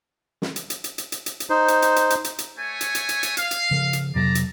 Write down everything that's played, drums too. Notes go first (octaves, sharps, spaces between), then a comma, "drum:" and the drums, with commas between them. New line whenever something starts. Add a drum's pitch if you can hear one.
drum: snare
drum: hi-hat
drum: hi-hat
drum: hi-hat
drum: hi-hat
drum: hi-hat
drum: hi-hat
drum: hi-hat
D#4 C5
drum: hi-hat
drum: hi-hat
drum: hi-hat
drum: hi-hat
drum: hi-hat
drum: hi-hat
A3 C#5 G#5
drum: hi-hat
drum: hi-hat
drum: hi-hat
drum: hi-hat
F5, drum: hi-hat
drum: hi-hat
C#3 F3
drum: hi-hat
F2 C3 F#3 D5 A5 A#5
drum: hi-hat